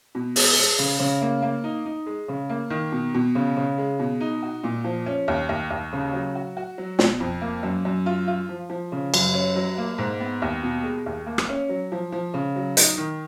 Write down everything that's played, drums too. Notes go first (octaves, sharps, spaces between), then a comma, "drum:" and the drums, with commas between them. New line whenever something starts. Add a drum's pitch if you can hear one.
B2
G#3, drum: open hi-hat
G#3
C#3
C#3
A#3
A#3
D#4
D#4
G#3
C#3
A#3
D#3
B2
B2
C#3
C#3
G#3
B2
D#4
F#4
A#2
F3
C#4
D#2
D#2
D#2
C#3
F#3
F#4
F#4
F#3
B2, drum: snare
F2
A#3
F#2
F#2
F4
F4
F3
F3
C#3
F#2, drum: cymbal
C#4
F#3
A#3
G#2
B3
D#2
B2
G#3
D#2
A#3
drum: rim click
C#4
F#3
F3
F3
C#3
F#3
D#4, drum: hi-hat
D#3